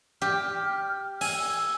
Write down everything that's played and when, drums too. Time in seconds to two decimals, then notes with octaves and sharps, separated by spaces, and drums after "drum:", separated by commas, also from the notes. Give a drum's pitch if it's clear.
0.22 G4 F6
1.21 G#5 E6, drum: open hi-hat